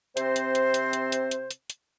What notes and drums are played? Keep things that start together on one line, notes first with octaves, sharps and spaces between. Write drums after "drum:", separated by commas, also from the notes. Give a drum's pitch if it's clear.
C3 C4 C5, drum: hi-hat
drum: hi-hat
drum: hi-hat
drum: hi-hat
drum: hi-hat
drum: hi-hat
drum: hi-hat
drum: hi-hat
drum: hi-hat